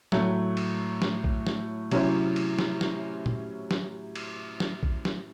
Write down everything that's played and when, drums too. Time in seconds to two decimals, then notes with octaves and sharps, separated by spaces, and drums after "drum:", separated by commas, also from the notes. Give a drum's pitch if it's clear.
0.12 A2 F#3 A3, drum: snare
0.57 drum: cymbal
1.02 drum: snare
1.24 drum: kick A#1
1.47 drum: snare
1.91 C3 F#3 C#4 E4 C5, drum: cymbal
2.36 drum: cymbal
2.59 drum: snare
2.81 drum: snare
3.26 drum: tom
3.71 drum: snare
4.15 drum: cymbal
4.60 drum: snare
4.83 drum: kick A#1
5.05 drum: snare